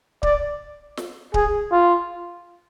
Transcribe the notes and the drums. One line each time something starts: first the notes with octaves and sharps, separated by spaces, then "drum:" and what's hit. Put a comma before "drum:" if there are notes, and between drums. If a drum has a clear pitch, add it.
D5, drum: kick D1
drum: snare
G#4, drum: kick D1
F4